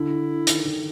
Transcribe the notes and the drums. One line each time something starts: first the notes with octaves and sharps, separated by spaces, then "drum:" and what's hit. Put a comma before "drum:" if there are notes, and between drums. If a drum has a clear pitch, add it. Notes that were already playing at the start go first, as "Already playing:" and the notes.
Already playing: D3 E4
D#3, drum: hi-hat
D#3